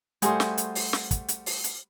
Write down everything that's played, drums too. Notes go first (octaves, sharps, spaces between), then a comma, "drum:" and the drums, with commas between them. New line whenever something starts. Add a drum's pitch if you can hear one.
G3 A3 F#4 G#4 C5 C6, drum: hi-hat
drum: snare
drum: hi-hat
drum: open hi-hat
drum: snare
drum: kick, hi-hat
drum: hi-hat
drum: open hi-hat
drum: hi-hat